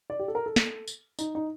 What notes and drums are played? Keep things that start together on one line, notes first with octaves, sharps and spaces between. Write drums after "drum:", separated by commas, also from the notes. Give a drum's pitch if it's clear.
D5
G4
A4
A#4
A4
drum: snare
drum: tambourine
D#4, drum: tambourine
D#4